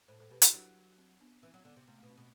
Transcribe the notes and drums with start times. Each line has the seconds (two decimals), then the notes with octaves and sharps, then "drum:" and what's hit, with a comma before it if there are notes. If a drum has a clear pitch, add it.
0.08 A2 A4 C5
0.20 A2 A4 C5
0.30 B2 G4 B4
0.42 E3 E4 G4, drum: hi-hat
0.53 F#3 D4 F#4
0.98 C4
1.21 B3 D4
1.43 E3 C4
1.54 F#3
1.65 D3 B3
1.76 C3
1.87 C3 A3
1.98 B2 A3
2.10 C4
2.17 B2